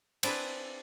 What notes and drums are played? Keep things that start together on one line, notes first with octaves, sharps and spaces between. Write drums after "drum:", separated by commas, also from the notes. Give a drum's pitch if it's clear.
C4 D4 E4 G#4 B4, drum: cymbal